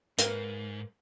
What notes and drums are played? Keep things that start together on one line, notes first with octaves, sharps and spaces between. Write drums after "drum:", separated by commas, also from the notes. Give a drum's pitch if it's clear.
G#2 A#4 B4 F5, drum: hi-hat